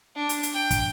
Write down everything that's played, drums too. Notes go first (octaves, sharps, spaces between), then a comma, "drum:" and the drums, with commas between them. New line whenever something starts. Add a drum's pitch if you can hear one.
D4
drum: hi-hat
drum: hi-hat
G5
drum: kick, hi-hat